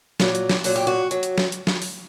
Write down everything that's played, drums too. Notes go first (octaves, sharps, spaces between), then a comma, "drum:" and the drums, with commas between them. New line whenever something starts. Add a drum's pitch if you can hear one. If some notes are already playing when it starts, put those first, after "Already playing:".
A#2 F#3, drum: snare
drum: hi-hat
drum: snare
A#2 F#3 F#4, drum: open hi-hat
G4
F#4
F#3, drum: hi-hat
drum: hi-hat
drum: snare
drum: hi-hat
drum: snare
drum: open hi-hat